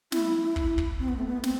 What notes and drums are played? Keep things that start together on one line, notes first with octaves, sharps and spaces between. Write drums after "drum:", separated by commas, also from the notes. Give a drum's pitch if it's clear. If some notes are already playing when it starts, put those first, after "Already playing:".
E4, drum: snare
E4
drum: kick
drum: kick
C4
B3
A3
B3
C4, drum: snare